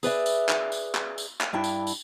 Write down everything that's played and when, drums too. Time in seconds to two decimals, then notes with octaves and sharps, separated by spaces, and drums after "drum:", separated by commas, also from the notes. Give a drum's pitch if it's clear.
0.03 G#4 B4 D5 E5, drum: tambourine
0.26 drum: tambourine
0.49 drum: clap
0.72 drum: tambourine
0.95 drum: clap
1.18 drum: tambourine
1.41 drum: clap
1.53 G2 D4 E4 G5
1.64 drum: tambourine
1.87 drum: tambourine